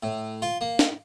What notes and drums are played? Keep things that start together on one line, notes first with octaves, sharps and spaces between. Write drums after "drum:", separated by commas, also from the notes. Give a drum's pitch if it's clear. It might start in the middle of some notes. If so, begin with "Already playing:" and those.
A2
F4
A#3
drum: snare